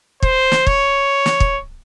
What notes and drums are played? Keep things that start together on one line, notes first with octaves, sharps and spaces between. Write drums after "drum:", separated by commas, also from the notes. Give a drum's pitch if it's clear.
C5, drum: kick
drum: snare
C#5, drum: kick
drum: snare
drum: kick